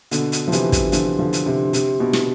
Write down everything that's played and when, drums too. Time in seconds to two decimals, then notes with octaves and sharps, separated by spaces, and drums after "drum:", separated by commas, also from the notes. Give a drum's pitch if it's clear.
0.11 B2 D3, drum: hi-hat
0.32 drum: hi-hat
0.48 F3
0.52 C3 E3, drum: hi-hat
0.72 drum: kick, hi-hat
0.92 D3 F3, drum: hi-hat
1.19 D3 F3
1.33 drum: hi-hat
1.46 C3
1.73 C3, drum: hi-hat
2.00 B2
2.13 drum: snare